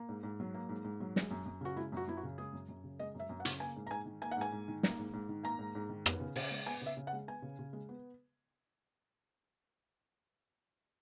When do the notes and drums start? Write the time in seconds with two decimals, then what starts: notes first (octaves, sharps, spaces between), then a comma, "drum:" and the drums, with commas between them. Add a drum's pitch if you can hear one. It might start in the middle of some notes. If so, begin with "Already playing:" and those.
Already playing: A#3
0.09 G#2
0.23 G#2
0.40 F#3
0.54 A#3
0.69 G#2
0.84 G#2
1.00 F#3
1.16 G#3, drum: snare
1.31 F#2
1.46 F#2
1.61 C#3 F#4
1.76 G#3 E4
1.92 F#2 F#4
2.08 F#2 E4
2.17 F#4
2.23 C#3
2.38 G#3 G#4
2.53 F#2
2.69 F#2
2.84 C#3
2.99 G#3 D#5
3.14 F#2
3.19 E5
3.29 F#2
3.40 F#5
3.45 C#3, drum: hi-hat
3.60 A#3 G#5
3.76 G#2
3.87 A#5
3.90 G#2 G#5
4.06 D#3
4.22 A#3 G#5
4.31 F#5
4.37 G#2 G#5
4.52 G#2
4.68 D#3
4.83 A#3, drum: snare
4.98 G#2
5.13 G#2
5.29 D#3
5.43 A#3 A#5
5.59 G#2
5.75 G#2
5.89 D#3
6.06 B3, drum: rim click
6.20 C#3
6.36 C#3, drum: open hi-hat
6.51 G#3
6.66 B3 G#5
6.82 C#3 E5
6.97 C#3
7.07 F#5
7.13 G#3
7.28 B3 G#5
7.42 C#3
7.59 C#3
7.73 G#3
7.89 B3